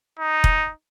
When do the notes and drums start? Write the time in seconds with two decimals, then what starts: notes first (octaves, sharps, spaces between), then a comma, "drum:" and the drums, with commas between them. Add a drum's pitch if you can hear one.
0.19 D#4
0.44 drum: kick E1